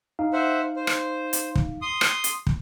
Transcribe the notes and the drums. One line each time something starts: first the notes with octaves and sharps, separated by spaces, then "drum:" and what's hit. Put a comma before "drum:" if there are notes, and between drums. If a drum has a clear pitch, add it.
D#4 F5
C5 E5 F#5
C5
drum: rim click
drum: hi-hat
drum: kick
C6 D#6
drum: rim click
drum: hi-hat
drum: kick